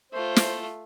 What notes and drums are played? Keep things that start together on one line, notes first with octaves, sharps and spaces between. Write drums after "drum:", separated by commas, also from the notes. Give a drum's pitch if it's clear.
A3 F4 C5
drum: snare